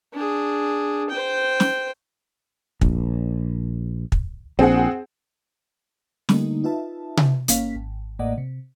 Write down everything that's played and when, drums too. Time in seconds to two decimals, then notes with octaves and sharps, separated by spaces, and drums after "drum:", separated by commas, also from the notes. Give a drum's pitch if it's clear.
0.14 D4 G#4
1.10 C5 G5
1.60 drum: snare
2.81 A#1, drum: kick
4.12 drum: kick
4.59 A#1 C4 G#4 F#5
6.29 D3 G3 A3 A#3 D#4, drum: snare
6.64 D#4 F4 B4 E5 A5
7.17 drum: tom C3
7.48 G1 A#3 C#4 F5 B6, drum: hi-hat
7.76 G#1
8.19 A1 A2 A#3 D5 D#5 F#5
8.38 C3